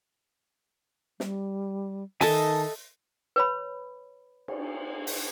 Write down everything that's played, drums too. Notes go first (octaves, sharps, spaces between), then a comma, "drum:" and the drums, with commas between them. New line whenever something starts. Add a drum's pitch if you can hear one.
G3, drum: snare
D#3 A4 D#5 E5 G#5 A5, drum: open hi-hat
B4 C#5 B5
drum: cymbal
drum: open hi-hat